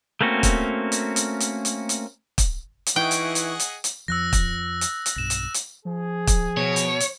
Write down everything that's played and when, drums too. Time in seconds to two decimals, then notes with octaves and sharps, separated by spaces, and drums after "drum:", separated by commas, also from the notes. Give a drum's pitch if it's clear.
0.21 A3 A#3 C4 C#4 F#4
0.43 drum: kick, hi-hat
0.92 drum: hi-hat
1.16 drum: hi-hat
1.40 drum: hi-hat
1.65 drum: hi-hat
1.89 drum: hi-hat
2.38 drum: kick, hi-hat
2.86 drum: hi-hat
2.96 E3 D#4 G#4 D#5 E5 F#5 G5 C#6
3.11 drum: hi-hat
3.35 drum: hi-hat
3.60 drum: hi-hat
3.84 drum: hi-hat
4.08 F2 F3 E6 F#6 A#6
4.33 drum: kick, hi-hat
4.81 drum: hi-hat
5.06 drum: hi-hat
5.16 B1 G2 A#6 E7
5.30 drum: hi-hat
5.54 drum: hi-hat
5.85 F3 G#4
6.27 drum: kick, hi-hat
6.57 B2 C#5
6.76 drum: hi-hat
7.00 drum: hi-hat